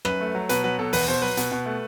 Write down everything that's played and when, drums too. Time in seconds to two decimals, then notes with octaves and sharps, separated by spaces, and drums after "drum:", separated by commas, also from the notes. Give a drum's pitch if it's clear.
0.05 F#2 B4, drum: rim click
0.20 A3
0.35 F#3
0.49 B2 B4, drum: hi-hat
0.64 F#3 B4
0.79 B2 A4
0.93 E2 B4, drum: open hi-hat
1.08 B2 C5
1.22 F#3 B4
1.37 B2, drum: hi-hat
1.52 B2
1.66 A3